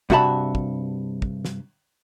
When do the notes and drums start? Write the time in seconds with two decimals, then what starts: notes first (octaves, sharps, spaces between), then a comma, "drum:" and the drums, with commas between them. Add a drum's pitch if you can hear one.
0.10 G2 C3 F#4 E5 A5 B5, drum: kick
0.55 drum: kick
1.22 drum: kick
1.45 drum: snare